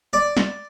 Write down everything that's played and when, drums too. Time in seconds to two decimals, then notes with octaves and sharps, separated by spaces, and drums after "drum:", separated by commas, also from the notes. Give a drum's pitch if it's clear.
0.13 D5
0.37 drum: snare